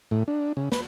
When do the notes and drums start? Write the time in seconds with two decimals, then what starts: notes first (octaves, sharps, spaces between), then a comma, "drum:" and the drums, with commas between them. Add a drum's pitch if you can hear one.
0.11 A2
0.28 D4
0.57 C#3
0.72 B4, drum: snare